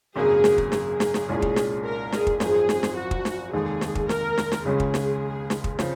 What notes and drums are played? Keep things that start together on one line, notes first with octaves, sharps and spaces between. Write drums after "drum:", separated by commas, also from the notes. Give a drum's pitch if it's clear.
G#1 F#2 C#3 F#3 A#3 G#4
drum: snare
drum: kick
G#4, drum: snare
drum: snare
drum: snare
C2 A#2 G#3 C#4
drum: kick
drum: snare
A#4
G#4, drum: snare
drum: kick
G#1 F#2 F3 C4 G#4, drum: snare
drum: snare
drum: snare
F#4
drum: kick
drum: snare
F1 D#2 D#3 G#3 G#4
drum: snare
drum: kick
A#4, drum: snare
drum: snare
drum: snare
C#2 C#3 G#3 C#4 G#4
drum: kick
drum: snare
drum: snare
drum: kick
C#3 F3 C4, drum: snare